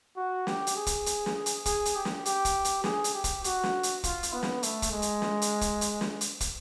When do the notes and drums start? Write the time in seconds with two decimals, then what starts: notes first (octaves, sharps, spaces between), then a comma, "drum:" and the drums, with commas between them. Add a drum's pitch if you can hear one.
0.17 F#4
0.47 G4, drum: snare
0.67 drum: hi-hat
0.76 G#4
0.86 drum: kick, hi-hat
1.06 drum: hi-hat
1.26 drum: snare
1.46 drum: hi-hat
1.66 G#4, drum: kick, hi-hat
1.85 drum: hi-hat
1.96 G4
2.05 drum: snare
2.25 G4, drum: hi-hat
2.45 drum: kick, hi-hat
2.65 drum: hi-hat
2.84 G#4, drum: snare
3.04 drum: hi-hat
3.14 G4
3.24 drum: kick, hi-hat
3.44 F#4, drum: hi-hat
3.63 drum: snare
3.83 drum: hi-hat
4.04 F4, drum: kick, hi-hat
4.23 drum: hi-hat
4.33 B3
4.43 drum: snare
4.63 A3, drum: hi-hat
4.82 drum: kick, hi-hat
4.92 G#3
5.02 drum: hi-hat
5.22 drum: snare
5.42 drum: hi-hat
5.61 drum: kick, hi-hat
5.81 drum: hi-hat
6.01 drum: snare
6.21 drum: hi-hat
6.40 drum: kick, hi-hat